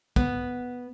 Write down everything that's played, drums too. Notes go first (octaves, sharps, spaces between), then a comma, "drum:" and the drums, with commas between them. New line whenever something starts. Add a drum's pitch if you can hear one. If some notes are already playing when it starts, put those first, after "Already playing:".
B3, drum: kick